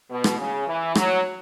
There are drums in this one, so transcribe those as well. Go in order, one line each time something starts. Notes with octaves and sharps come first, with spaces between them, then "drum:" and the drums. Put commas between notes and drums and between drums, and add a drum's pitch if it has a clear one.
B2
drum: rim click
C#3
E3
F#3, drum: rim click